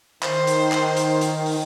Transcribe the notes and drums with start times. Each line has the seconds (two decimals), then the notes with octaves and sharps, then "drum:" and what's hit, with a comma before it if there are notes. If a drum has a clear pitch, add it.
0.23 D#3 C5, drum: clap
0.47 drum: hi-hat
0.72 drum: clap
0.97 drum: hi-hat
1.21 drum: hi-hat
1.46 drum: open hi-hat